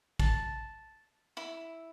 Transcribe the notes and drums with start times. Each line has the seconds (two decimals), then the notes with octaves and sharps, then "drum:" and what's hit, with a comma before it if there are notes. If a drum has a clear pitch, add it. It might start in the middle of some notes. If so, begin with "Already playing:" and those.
0.20 A5, drum: kick
1.37 E4